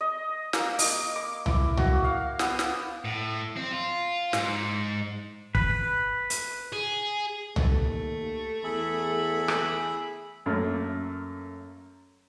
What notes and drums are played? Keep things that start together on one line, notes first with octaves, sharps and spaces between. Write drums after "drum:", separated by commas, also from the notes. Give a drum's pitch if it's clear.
D#5
A#3, drum: snare
D#5, drum: open hi-hat
D6
E4, drum: tom C2
F#4, drum: tom C2
F5
B3, drum: snare
drum: snare
A2
C4
F4
G#2, drum: snare
B4, drum: kick
drum: hi-hat
G#4
D#2 A3, drum: tom C2
E2 G#4 E5 B5
drum: rim click
F#2 A3 A#3